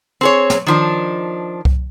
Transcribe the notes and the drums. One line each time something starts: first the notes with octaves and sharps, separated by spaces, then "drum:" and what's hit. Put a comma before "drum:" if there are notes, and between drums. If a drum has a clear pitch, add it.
C4 G#4 C#5
drum: snare
D#3 F3 D4
drum: kick C2